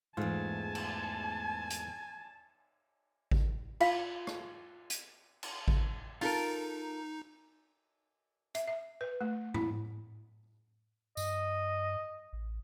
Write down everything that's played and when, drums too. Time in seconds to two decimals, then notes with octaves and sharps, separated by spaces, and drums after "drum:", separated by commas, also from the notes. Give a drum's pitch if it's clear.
0.17 E2 G#2 A3 F4 G#5 A5
0.75 drum: cymbal
1.70 drum: hi-hat
3.31 drum: kick G#1
3.80 F4 F5, drum: cymbal
4.27 drum: rim click
4.90 drum: hi-hat
5.43 drum: cymbal
5.68 drum: kick G#1
6.21 D#4 F4 A4 A#4, drum: open hi-hat
8.55 E5, drum: hi-hat
8.68 E5
9.01 B4
9.21 A3
9.54 E4, drum: tom G#2
11.17 G2 D#5, drum: tambourine
12.33 A1